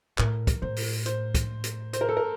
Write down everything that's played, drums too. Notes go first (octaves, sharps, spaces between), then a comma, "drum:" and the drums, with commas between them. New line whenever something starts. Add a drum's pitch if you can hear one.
A2 A#4, drum: clap
drum: kick, hi-hat
A2 C5
drum: open hi-hat
C5, drum: hi-hat
drum: kick, hi-hat
drum: hi-hat
C5, drum: hi-hat
A#4
A4
A#4